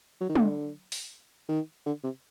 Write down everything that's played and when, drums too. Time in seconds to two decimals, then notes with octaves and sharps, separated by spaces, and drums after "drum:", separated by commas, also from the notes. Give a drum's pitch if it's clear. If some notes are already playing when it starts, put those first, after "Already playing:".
0.21 F#3
0.29 D#3
0.35 D3, drum: tom
0.92 drum: open hi-hat
1.49 D#3
1.86 D3
2.04 C3